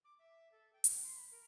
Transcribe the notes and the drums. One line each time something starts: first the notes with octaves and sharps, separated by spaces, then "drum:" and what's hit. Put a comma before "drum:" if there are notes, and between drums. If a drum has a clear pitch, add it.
D6
E5
A4
G5
drum: hi-hat
C6
B5
A#4